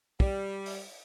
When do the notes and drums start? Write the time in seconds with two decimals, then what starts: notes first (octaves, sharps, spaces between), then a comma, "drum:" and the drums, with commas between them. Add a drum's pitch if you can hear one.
0.20 G3, drum: kick
0.66 drum: open hi-hat